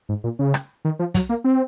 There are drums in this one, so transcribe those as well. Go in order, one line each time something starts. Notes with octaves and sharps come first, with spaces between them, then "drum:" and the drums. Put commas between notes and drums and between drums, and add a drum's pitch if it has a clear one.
G#2
A#2
C#3
drum: rim click
D#3
F3
F#3, drum: kick, hi-hat
A#3
C4